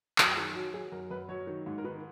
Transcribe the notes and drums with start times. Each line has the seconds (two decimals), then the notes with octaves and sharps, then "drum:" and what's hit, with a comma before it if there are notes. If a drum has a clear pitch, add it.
0.18 F#2 F#4, drum: clap
0.37 D#3 G#4
0.55 F#3 F#4
0.74 F#3 G#4
0.92 F#2 A#4
1.10 F#2 B4
1.29 F#3 C#5
1.47 D#3
1.66 G#2
1.78 A#4
1.84 D#3 B4